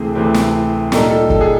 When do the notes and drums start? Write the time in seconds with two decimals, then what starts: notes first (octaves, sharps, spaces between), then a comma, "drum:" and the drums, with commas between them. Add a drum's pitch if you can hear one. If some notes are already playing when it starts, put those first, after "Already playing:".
Already playing: D2 C3 E3 A3 C4 G#4
0.15 D2 C3 E3 A3 C4
0.34 drum: snare
0.92 A#2 G3 A#3 D#4 A4, drum: snare
1.11 A4
1.30 A4, drum: kick
1.41 G#4